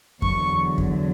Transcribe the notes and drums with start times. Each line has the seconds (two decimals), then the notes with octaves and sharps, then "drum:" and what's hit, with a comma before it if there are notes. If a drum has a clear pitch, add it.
0.22 E2 D3 F#3 C#6, drum: kick F2
0.78 drum: kick F2